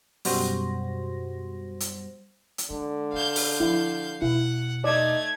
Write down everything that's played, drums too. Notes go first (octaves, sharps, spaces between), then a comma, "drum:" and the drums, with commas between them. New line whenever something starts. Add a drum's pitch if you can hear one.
F#2 B2 G3 F#4 C5 A#6, drum: open hi-hat
drum: hi-hat
drum: hi-hat
D3 G#3
D4 F5 G6
drum: open hi-hat
F3 E4
E1 B2 E4 F#5
A3 D#4 D5 G#6